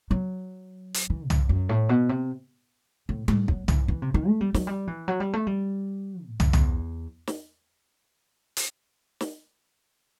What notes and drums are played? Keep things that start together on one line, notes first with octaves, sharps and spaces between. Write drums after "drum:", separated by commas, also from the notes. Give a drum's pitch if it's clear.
F#3
drum: hi-hat
E3
F#2, drum: tom
F#2
A2
B2
C3
A2
A2, drum: tom G3
F#3, drum: kick
E3, drum: tom
E3
C3
D#3
A3
G3
F#3, drum: snare
G3
E3
F#3
G3
A3
G3
A2
F#2, drum: tom
E2, drum: tom
drum: snare
drum: hi-hat
drum: snare